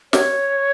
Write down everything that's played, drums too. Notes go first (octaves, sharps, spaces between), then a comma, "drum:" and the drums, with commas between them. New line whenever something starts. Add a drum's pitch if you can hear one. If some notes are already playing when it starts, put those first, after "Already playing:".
C#5, drum: snare